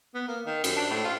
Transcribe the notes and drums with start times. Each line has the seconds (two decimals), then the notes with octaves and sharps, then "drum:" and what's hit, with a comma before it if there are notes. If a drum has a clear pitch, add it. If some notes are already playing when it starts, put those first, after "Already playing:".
0.14 B3
0.28 A#3
0.46 D#3
0.64 F#2, drum: cymbal
0.76 D4
0.91 A2
1.04 F4